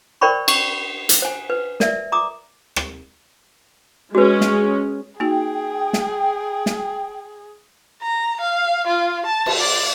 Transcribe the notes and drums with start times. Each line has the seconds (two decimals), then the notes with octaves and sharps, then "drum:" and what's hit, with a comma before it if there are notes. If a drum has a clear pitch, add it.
0.21 A#4 C5 D5 G5 B5 C#6
0.48 C#6, drum: cymbal
1.09 drum: hi-hat
1.22 C5 G#5
1.50 B4
1.80 A#4 D5 E5, drum: snare
2.12 A#5 D6 D#6
2.76 drum: rim click
4.15 G#3 C#4 F#4 B4
4.41 drum: snare
5.20 A#3 D#4 F#4 G#4 G5
5.93 drum: snare
6.66 drum: snare
8.02 A#5
8.41 F5
8.87 F4
9.26 A5
9.46 drum: cymbal
9.60 D5